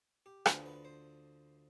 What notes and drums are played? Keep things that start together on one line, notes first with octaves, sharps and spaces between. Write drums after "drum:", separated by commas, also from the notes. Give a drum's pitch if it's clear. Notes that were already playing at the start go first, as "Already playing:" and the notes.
G4
D2 D3 F3 B4, drum: rim click
B4
C5